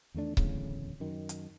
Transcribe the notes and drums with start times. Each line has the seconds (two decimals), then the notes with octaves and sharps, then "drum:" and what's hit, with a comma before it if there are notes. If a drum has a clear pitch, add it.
0.14 E2 D#3 A3 D4
0.37 D1 E2 A2 C#3, drum: kick C#1
1.00 F#2 D#3
1.29 drum: hi-hat